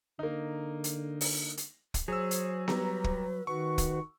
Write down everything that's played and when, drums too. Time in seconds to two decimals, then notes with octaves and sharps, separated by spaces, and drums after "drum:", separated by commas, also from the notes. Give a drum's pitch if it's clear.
0.19 D3 A#3 D#4
0.84 drum: hi-hat
1.21 drum: open hi-hat
1.57 drum: hi-hat
1.94 drum: kick, hi-hat
2.08 F#3 G#4 C5 E6
2.31 drum: hi-hat
2.68 G3 B4 A#5, drum: snare B3
3.04 drum: kick
3.47 D#3 F#4 B4 C#6
3.78 drum: kick, hi-hat